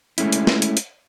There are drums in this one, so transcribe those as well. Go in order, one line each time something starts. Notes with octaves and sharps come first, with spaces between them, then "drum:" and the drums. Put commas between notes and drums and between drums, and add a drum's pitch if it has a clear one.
G#3 A3 C#4 E4, drum: hi-hat
drum: hi-hat
drum: snare
drum: hi-hat
drum: hi-hat